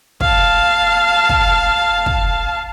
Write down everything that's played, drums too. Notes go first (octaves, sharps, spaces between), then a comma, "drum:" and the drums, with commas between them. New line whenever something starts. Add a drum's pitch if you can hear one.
F5 A5, drum: kick
drum: kick
drum: kick